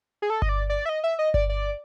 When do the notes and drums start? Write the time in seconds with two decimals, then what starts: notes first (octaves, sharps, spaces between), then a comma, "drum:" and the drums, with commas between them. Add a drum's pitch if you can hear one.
0.22 G#4
0.30 A4
0.42 D#5, drum: kick G1
0.49 D5
0.70 D5
0.85 E5
0.89 D#5
1.04 E5
1.19 D#5
1.34 D5, drum: kick G1
1.49 D5